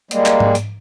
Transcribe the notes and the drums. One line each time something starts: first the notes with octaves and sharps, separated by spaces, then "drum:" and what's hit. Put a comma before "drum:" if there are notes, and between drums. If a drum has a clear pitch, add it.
G3 G#3 A#3, drum: hi-hat
drum: clap
drum: tom G#2
drum: hi-hat